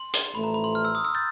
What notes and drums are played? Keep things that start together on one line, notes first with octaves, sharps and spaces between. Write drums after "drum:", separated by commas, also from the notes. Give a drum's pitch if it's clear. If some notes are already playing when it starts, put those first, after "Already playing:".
Already playing: C6
drum: hi-hat
A1 A2 F3 A3 B5
A#5
B5
C6
F6
E6
D#6
E6
G6 A6